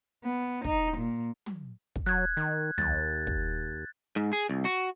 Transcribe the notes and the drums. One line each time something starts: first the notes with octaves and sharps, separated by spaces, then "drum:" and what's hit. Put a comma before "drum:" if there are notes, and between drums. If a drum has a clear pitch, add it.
B3
D#4, drum: kick
A#2
drum: tom
drum: kick
F#3 F#6 G#6
D#3
D#2 A6, drum: tom
drum: kick
G#2
G#4
C2
F#4